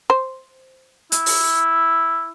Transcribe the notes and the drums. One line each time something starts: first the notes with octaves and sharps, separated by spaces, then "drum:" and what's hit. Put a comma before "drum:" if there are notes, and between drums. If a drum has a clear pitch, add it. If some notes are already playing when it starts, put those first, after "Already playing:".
C5
E4, drum: hi-hat
drum: open hi-hat